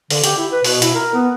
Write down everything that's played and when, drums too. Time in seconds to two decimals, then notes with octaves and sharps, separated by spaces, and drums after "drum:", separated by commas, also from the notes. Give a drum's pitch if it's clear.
0.10 D3, drum: open hi-hat
0.24 G4, drum: hi-hat
0.38 E4
0.52 B4
0.64 B2, drum: open hi-hat
0.82 E4, drum: hi-hat
0.95 A#4
1.14 B3